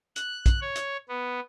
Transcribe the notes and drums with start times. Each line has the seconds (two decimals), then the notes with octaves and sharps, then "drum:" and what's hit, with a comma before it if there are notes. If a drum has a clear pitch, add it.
0.16 F#6, drum: hi-hat
0.46 drum: kick, hi-hat
0.61 C#5
0.76 drum: hi-hat
1.09 B3